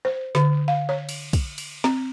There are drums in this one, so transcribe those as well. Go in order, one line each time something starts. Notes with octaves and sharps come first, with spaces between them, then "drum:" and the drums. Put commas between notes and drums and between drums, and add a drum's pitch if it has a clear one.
C5
D3, drum: snare
F5
C#5
drum: cymbal
drum: kick, cymbal
drum: cymbal
C4, drum: snare